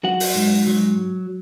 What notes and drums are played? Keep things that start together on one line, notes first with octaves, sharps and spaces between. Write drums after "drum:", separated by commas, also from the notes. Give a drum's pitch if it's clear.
F#3 F#4 F#5
drum: open hi-hat
G#2
F#3